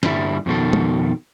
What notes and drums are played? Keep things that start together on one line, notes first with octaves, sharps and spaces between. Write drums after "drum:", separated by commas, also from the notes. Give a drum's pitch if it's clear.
G2 D3 G3 E4, drum: snare
F2 B2 D#3 A4
drum: tom